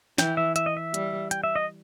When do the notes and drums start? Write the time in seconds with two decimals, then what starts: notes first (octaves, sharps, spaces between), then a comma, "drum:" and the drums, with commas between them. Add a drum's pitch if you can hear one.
0.18 E3 G5, drum: snare
0.37 E5
0.56 E5, drum: hi-hat
0.66 D#5
0.77 E5
0.94 G3, drum: hi-hat
1.31 G5, drum: hi-hat
1.44 E5
1.56 D#5